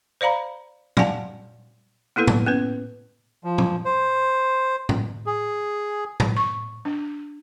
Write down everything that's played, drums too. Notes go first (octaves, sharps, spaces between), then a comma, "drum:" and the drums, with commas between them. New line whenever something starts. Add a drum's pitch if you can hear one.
C5 D5 F5 A#5 B5
D5 F5 F#5 G#5 A5, drum: tom
A#3 B3 E4 A4 B4
drum: tom A2
B3 C#4 B4
F3
drum: tom
C5
drum: tom A2
G#4
drum: tom A2
C#6
D4